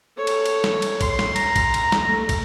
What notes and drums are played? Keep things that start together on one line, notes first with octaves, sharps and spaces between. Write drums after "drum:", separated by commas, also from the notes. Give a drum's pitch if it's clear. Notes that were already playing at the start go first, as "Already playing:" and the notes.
A4 C#5
drum: cymbal
drum: cymbal
drum: snare
drum: cymbal
C6, drum: kick, cymbal
drum: snare
A#5, drum: cymbal
drum: kick, cymbal
drum: cymbal
drum: snare
A3
drum: kick, cymbal